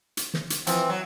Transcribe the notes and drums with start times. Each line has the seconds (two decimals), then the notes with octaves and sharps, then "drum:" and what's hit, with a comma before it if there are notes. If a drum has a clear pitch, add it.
0.17 drum: hi-hat
0.34 drum: snare
0.50 drum: hi-hat
0.67 E3 F3 C4, drum: hi-hat
0.89 F#3